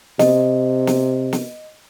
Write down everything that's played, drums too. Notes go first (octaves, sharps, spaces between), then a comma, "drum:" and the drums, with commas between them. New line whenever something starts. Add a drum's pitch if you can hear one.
C3 D#5, drum: snare
drum: snare
drum: snare